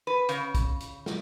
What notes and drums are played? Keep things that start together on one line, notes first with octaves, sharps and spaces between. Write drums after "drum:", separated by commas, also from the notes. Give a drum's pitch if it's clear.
B4
C#3, drum: hi-hat
drum: kick, hi-hat
drum: hi-hat
drum: snare